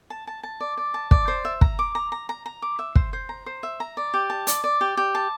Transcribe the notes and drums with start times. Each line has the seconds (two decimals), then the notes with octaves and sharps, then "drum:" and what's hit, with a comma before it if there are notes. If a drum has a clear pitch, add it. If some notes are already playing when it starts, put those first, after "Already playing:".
0.10 A5
0.27 A5
0.43 A5
0.60 D5
0.77 D5
0.94 A5
1.11 D5, drum: kick
1.28 C5
1.45 E5
1.61 A#5, drum: kick
1.79 D6
1.95 A#5
2.12 A#5
2.29 A#5
2.46 A#5
2.62 D6
2.79 E5
2.95 C5, drum: kick
3.13 C5
3.29 A#5
3.46 C5
3.63 E5
3.80 A#5
3.97 D5
4.14 G4
4.30 A5
4.47 D5, drum: hi-hat
4.64 D5
4.81 G4
4.97 G4
5.15 A5